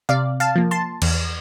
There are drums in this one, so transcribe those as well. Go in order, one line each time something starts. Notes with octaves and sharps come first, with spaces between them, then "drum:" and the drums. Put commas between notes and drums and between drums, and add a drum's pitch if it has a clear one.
C3 D5 F5
F5 A5
F3 A#3
A5 C6
E2, drum: cymbal